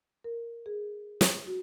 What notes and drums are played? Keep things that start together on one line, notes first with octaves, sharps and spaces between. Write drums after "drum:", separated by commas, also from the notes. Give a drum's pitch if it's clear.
A#4
G#4
drum: snare
F#4